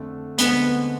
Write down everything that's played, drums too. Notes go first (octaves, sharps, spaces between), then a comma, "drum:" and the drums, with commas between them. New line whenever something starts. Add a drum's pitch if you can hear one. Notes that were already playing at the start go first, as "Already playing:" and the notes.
Already playing: F2 D3 A3
D2 D3 G#3 B3 C4 G#4, drum: hi-hat